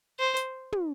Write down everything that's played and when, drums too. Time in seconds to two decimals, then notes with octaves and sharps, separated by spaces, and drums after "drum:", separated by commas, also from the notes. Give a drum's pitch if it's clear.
0.19 C5
0.37 drum: hi-hat
0.72 drum: tom